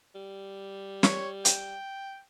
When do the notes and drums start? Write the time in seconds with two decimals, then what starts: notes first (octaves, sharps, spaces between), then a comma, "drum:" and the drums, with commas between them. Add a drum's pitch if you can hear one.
0.15 G3
1.03 C#5, drum: snare
1.45 G5, drum: hi-hat